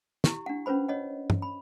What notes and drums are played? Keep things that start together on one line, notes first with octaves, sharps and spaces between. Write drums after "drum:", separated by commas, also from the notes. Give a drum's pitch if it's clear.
E4 G4 C#6, drum: snare
D4 F#5
C#4 F4 B4 C5 B5
C#5 D#5 F#5
drum: tom G2
B5